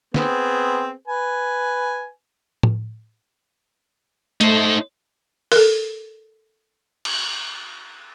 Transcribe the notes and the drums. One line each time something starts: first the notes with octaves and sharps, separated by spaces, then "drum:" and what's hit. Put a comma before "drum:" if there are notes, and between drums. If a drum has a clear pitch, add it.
B3 C4 G#4, drum: snare
B4 G#5
drum: tom A2
A3 D#4 C5, drum: hi-hat
A4 A#4, drum: open hi-hat
drum: cymbal